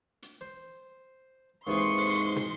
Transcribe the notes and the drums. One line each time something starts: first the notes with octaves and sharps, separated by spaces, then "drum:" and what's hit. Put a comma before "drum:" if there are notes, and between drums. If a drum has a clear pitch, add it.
drum: hi-hat
C5
D#2 G#2 E3 C4 C6 C#6 D#6
drum: open hi-hat
drum: tom